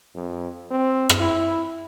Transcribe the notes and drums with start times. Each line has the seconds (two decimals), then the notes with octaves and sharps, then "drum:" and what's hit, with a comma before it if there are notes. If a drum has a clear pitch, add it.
0.16 F2
0.71 C4
1.09 drum: rim click
1.20 E4